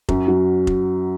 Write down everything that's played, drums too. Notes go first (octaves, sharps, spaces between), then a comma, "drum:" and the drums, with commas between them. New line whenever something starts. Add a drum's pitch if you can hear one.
F#2, drum: kick F1
F#3
drum: kick F1